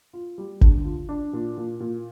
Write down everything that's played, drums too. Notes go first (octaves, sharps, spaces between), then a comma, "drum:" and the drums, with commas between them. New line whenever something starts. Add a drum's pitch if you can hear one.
F4
G3
D3, drum: kick G#1
F4
D4
A#2
A#2
A#2